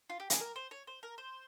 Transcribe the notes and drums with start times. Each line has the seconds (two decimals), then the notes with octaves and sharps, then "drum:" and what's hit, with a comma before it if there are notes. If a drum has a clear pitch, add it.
0.10 F4
0.20 G4
0.30 G#4, drum: hi-hat
0.40 A#4
0.56 C5
0.71 C#5
0.87 C5
1.03 A#4
1.18 C5